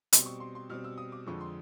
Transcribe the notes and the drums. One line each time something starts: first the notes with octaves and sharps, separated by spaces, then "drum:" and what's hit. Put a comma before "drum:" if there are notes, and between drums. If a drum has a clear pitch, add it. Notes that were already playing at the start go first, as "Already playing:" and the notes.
B2 G3 C4 C6, drum: hi-hat
C#6
C6
C6
B2 G3 C4 F6
E6
D#6
D6
F2 D3 F3 G#3 C#6
C6